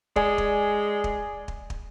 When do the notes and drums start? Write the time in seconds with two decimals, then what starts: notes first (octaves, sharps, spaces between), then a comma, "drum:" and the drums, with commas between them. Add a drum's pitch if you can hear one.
0.16 G#3 D5 G#5, drum: kick
0.38 drum: kick
1.04 drum: kick
1.48 drum: kick
1.70 drum: kick